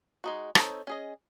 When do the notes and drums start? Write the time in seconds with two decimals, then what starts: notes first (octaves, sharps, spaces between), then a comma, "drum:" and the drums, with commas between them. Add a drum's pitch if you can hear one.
0.24 G#3 D#4 F#4
0.55 C4 D#4 A4 C#5, drum: rim click
0.87 C#4 G#4 D#5